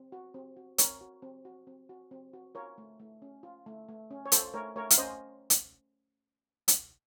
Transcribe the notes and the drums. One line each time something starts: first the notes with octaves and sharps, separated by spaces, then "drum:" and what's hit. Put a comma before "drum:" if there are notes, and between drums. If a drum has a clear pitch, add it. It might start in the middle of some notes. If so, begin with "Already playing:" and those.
Already playing: C4
F#4
C4
F#4
C4 A#4 C#5, drum: hi-hat
F#4
C4
F#4
C4
F#4
C4
F#4
F4 A#4 C#5
A3
A3
C#4
F4
A3
A3
C#4
C#5
F4 A4 C5, drum: hi-hat
A3 A#4 C#5
A3 A#4 C#5
F5, drum: hi-hat
C#4 C5 D#5
drum: hi-hat
drum: hi-hat